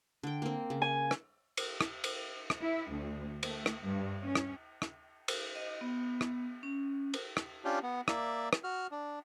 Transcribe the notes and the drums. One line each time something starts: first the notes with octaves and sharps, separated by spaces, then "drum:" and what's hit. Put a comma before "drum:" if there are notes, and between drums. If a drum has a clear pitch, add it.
D3 G5
A#3 C4
C#3
G#5
drum: rim click
drum: cymbal
drum: rim click
drum: cymbal
drum: rim click
E4
D2
A3, drum: cymbal
drum: rim click
G2
C#4
drum: rim click
drum: rim click
drum: cymbal
D#5
B3
drum: rim click
C#4
drum: cymbal
drum: rim click
C#4 D4 F4 G4
B3
A#3 D5 E5, drum: rim click
drum: rim click
F#4 F6
D4